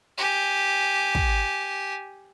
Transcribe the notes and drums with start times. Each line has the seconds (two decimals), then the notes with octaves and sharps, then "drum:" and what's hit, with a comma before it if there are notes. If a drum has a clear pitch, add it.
0.18 G4 G#5
1.15 drum: kick